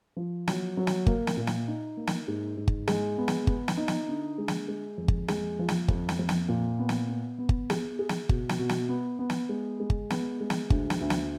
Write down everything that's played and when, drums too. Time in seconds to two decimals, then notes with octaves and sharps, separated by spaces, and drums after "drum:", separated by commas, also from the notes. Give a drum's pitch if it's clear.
0.16 F3
0.48 F#3, drum: snare
0.77 F#3
0.87 drum: snare
1.07 A#3, drum: kick G1
1.27 drum: snare
1.37 A#2
1.47 drum: snare
1.68 D#4
1.97 A#3
2.07 drum: snare
2.28 G#2
2.57 G#2
2.68 drum: kick G1
2.87 G#3, drum: snare
3.18 B3
3.28 drum: snare
3.47 B3, drum: kick G1
3.68 drum: snare
3.77 D#4
3.88 drum: snare
4.08 D3
4.38 G#3
4.48 drum: snare
4.68 G#3
4.98 F2
5.08 drum: kick G1
5.28 G#3, drum: snare
5.59 F3
5.68 drum: snare
5.88 F2, drum: kick G1
6.09 drum: snare
6.19 F2
6.29 drum: snare
6.48 A#2
6.79 B3
6.89 drum: snare
7.09 B3
7.38 B3
7.49 drum: kick G1
7.70 G#4, drum: snare
7.99 G#4
8.09 drum: snare
8.29 B2, drum: kick G1
8.49 drum: snare
8.59 B2
8.69 drum: snare
8.89 B3
9.19 B3
9.30 drum: snare
9.49 G#3
9.80 G#3
9.90 drum: kick G1
10.10 B3, drum: snare
10.41 G#3
10.50 drum: snare
10.70 D2, drum: kick G1
10.90 drum: snare
11.01 D2
11.10 drum: snare